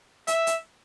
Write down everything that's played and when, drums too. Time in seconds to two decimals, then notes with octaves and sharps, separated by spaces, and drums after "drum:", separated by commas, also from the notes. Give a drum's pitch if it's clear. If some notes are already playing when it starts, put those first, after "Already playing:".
0.27 E5, drum: hi-hat
0.47 drum: hi-hat